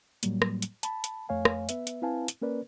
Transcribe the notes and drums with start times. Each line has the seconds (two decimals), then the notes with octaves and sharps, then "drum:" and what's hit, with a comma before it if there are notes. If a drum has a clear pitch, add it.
0.23 A2 F#3 G3 A#3, drum: hi-hat
0.42 drum: rim click
0.62 drum: hi-hat
0.83 A5 B5, drum: hi-hat
1.04 drum: hi-hat
1.29 F2 A3 C#5 F5 G#5
1.45 drum: rim click
1.69 B3 B4 E5, drum: hi-hat
1.87 drum: hi-hat
2.02 C4 E4 B4 F5 G#5 A5
2.28 drum: hi-hat
2.42 A#3 C#4 A#4 B4 D5